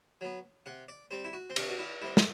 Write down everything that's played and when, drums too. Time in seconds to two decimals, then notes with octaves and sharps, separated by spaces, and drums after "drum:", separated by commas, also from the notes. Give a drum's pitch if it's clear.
0.21 F#3 B3
0.66 C3 F#5
0.88 D5
1.11 G3 C4 C5
1.24 E4
1.33 F#4
1.50 C4
1.56 C3 D4, drum: cymbal
1.69 F#4
1.79 E4
2.01 G3 C4 E4
2.17 E4, drum: snare